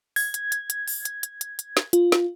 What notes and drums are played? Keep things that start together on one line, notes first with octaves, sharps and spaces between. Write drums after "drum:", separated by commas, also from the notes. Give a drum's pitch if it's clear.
G#6, drum: open hi-hat
drum: hi-hat
drum: hi-hat
drum: hi-hat
drum: open hi-hat
drum: hi-hat
drum: hi-hat
drum: hi-hat
drum: hi-hat
drum: snare
F4, drum: hi-hat
drum: snare